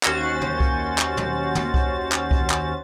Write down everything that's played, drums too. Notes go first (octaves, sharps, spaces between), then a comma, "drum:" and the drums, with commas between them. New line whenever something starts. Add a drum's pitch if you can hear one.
D#2 C#4 F#4 C5 A6, drum: clap
drum: tom
drum: kick C2
drum: clap
drum: tom
drum: tom
drum: kick C2
drum: clap
drum: kick C2
drum: clap